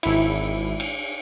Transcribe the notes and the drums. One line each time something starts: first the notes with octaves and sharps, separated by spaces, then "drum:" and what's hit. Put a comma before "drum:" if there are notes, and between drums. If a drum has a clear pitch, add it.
G#1 E4, drum: cymbal
drum: cymbal